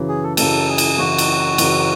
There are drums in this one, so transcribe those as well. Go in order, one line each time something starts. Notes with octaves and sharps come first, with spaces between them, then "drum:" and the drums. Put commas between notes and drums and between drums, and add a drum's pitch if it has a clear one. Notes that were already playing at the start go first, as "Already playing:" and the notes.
Already playing: F#2 C#3 E3
G#4
A4
F#2 C#3 E3 A4, drum: cymbal
G#4
drum: cymbal
F#2 C#3 E3 F#4
drum: cymbal
F#2 C#3 E3, drum: cymbal